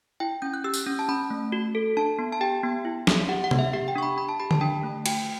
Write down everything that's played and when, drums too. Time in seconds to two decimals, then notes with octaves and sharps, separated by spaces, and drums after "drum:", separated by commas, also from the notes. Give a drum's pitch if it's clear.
0.20 E4 G5
0.42 C#4 G6
0.54 F#6
0.64 G4 E6
0.74 drum: tambourine
0.86 C#4
0.99 A5
1.09 C#4 B5
1.30 A3
1.52 F#4
1.75 A4
1.97 D4 A5
2.19 B3
2.32 A5
2.41 G4 G5
2.63 B3
2.85 E4
3.07 B3, drum: snare
3.29 G4 F#5
3.44 F#5
3.51 B3, drum: tom C3
3.59 E5
3.73 G4 F#5
3.88 G5
3.96 D4 C#6
4.03 B5
4.17 D4 B5
4.29 A5
4.40 G4 B5
4.51 A5, drum: tom D3
4.61 D4 G5
4.83 A3
5.06 F#4 G5, drum: cymbal